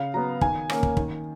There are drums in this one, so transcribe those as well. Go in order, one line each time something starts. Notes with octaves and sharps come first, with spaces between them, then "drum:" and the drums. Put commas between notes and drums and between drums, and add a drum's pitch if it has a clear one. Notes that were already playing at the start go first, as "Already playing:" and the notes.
Already playing: C#3 F5
F#3 B3 A#5
D#3 G#5, drum: kick
A#3 C#4, drum: rim click
drum: kick
D#3, drum: kick